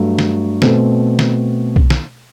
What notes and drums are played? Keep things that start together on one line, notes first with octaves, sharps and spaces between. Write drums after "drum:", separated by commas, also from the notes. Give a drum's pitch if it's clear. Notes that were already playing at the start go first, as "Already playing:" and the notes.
Already playing: G2 F#3 A3
drum: snare
B2 A3 C4, drum: snare
drum: snare
drum: kick B1
drum: snare